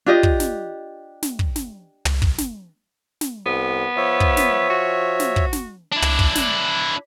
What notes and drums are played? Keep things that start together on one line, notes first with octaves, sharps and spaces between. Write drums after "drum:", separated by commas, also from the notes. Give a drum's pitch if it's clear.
D4 F4 G4 D#5
drum: kick
drum: snare
drum: snare
drum: kick
drum: snare
drum: tom
drum: kick
drum: snare
drum: snare
C2 B3
F3 C#5 E5
drum: kick
drum: snare
F#4
drum: snare
drum: kick
drum: snare
D4 E4
drum: tom
drum: kick
drum: snare